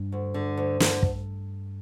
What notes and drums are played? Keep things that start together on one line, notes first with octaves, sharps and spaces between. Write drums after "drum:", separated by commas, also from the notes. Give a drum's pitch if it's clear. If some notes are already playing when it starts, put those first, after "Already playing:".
Already playing: G2
D2
D3
D2
D3, drum: snare
drum: kick